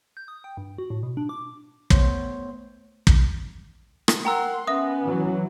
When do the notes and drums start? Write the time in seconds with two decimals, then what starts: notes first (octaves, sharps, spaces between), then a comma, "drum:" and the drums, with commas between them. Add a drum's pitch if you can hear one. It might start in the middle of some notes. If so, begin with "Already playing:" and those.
0.17 G6
0.28 D#6
0.44 G5
0.57 G2
0.78 F#4
0.90 A2
1.03 B2
1.17 D4
1.29 D6
1.90 A3 B3 C5 C#5, drum: kick
3.07 drum: kick
4.08 drum: rim click
4.25 A#4 F#5 G5 A#5 C6 E6
4.67 B3 C#4 E5 D#6
5.06 E3 F#3